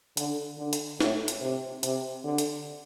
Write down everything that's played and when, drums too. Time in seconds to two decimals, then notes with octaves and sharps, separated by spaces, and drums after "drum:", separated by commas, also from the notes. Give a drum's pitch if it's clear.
0.17 D3, drum: hi-hat
0.59 D3
0.73 drum: hi-hat
1.01 A2, drum: snare
1.28 drum: hi-hat
1.42 C3
1.83 C3, drum: hi-hat
2.25 D3
2.38 drum: hi-hat